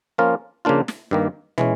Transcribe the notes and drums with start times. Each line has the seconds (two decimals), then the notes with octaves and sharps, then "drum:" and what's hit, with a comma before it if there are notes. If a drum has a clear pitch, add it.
0.18 F3 A#3 C#4 F4 A#4
0.65 C#3 F3 A#3 D4 F4
0.88 drum: snare
1.11 G2 D#3 G3 A#3
1.58 E3 G#3 C#4, drum: tom